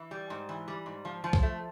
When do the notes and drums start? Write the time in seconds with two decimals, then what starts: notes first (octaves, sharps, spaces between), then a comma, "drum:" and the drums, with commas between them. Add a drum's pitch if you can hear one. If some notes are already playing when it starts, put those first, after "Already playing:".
Already playing: E3
0.11 G3
0.30 G#2
0.49 E3
0.68 G3
0.86 G#2
1.05 F3
1.24 F3
1.33 drum: kick B1
1.43 A3